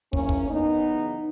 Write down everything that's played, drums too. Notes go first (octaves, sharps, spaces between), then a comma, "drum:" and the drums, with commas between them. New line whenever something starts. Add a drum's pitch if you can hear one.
G#2 E3 A#3 C#4, drum: kick
drum: kick
F#2 D#3 B3 D#4
F#2 C#3 E3